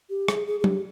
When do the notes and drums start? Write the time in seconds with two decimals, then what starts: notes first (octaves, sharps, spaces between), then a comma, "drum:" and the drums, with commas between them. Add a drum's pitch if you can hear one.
0.10 G4
0.28 G#4, drum: rim click
0.47 G#4
0.60 G#4
0.64 G4, drum: tom F#3